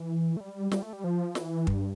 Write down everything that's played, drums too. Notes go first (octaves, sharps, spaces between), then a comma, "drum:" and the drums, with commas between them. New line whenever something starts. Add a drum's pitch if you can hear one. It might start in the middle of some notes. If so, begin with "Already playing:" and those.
Already playing: E3
A3
G3
G3, drum: snare
A3
G3
F3
E3, drum: snare
G2, drum: kick